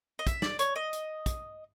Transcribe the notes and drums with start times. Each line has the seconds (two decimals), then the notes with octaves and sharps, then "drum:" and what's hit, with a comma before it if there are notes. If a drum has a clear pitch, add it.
0.19 D#5
0.27 E5, drum: kick, hi-hat
0.42 D5, drum: snare
0.59 C#5, drum: hi-hat
0.76 D#5
0.93 drum: hi-hat
1.26 drum: kick, hi-hat